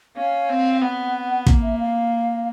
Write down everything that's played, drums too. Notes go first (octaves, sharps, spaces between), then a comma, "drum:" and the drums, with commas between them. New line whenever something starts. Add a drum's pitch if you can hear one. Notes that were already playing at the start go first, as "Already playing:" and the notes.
C#4 F5
C4
B3 F#5
A#3, drum: kick
E5
F5